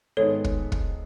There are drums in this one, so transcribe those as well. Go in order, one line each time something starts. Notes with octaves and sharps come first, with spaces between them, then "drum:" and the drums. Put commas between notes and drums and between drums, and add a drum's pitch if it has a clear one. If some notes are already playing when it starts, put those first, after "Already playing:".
G#1 G#2 D#3 G#3 B3 A4 C#5
drum: kick
drum: kick